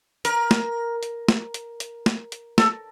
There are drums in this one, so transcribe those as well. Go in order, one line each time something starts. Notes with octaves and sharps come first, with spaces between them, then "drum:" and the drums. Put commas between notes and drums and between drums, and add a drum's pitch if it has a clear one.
A#4, drum: hi-hat
drum: snare
drum: hi-hat
drum: snare
drum: hi-hat
drum: hi-hat
drum: snare
drum: hi-hat
A4, drum: snare